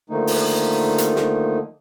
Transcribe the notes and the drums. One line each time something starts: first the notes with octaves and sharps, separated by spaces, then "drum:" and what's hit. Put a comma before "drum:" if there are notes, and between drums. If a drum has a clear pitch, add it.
D3 D#3 F3 A3 A#3 D#4
drum: open hi-hat
drum: hi-hat
drum: snare